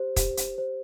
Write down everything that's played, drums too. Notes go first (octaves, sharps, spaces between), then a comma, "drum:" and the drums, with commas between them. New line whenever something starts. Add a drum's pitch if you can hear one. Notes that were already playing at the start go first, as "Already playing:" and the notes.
Already playing: G4 C5
G4, drum: kick, hi-hat
drum: hi-hat
C5